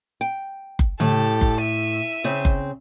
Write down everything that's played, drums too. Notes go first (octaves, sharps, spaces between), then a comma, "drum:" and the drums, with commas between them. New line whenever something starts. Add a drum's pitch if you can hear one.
G5
drum: kick F#1
A2 G4 A4, drum: tom C#3
drum: kick F#1
E5 D#7
C#3 C4
drum: kick F#1